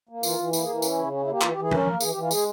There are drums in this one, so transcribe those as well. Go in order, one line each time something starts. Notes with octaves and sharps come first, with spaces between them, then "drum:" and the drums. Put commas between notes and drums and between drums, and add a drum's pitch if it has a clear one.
A#3
E3 F4, drum: tambourine
E3
A#3 E4, drum: tambourine
G#4
E3
C#4 E4, drum: tambourine
C#3
C#4
E4
A#3 G4
E3 F4, drum: clap
G4
E3
G#4
C#4 A#4, drum: tom F3
A#3
E3 G#4, drum: tambourine
G4
E3
F4
G#3 G#4, drum: tambourine